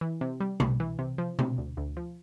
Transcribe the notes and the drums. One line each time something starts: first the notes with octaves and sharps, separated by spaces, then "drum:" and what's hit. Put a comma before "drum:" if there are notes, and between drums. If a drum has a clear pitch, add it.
E3
C3
G3
C2, drum: tom B2
E3
C3
F3
C3, drum: tom B2
D2
D2
F3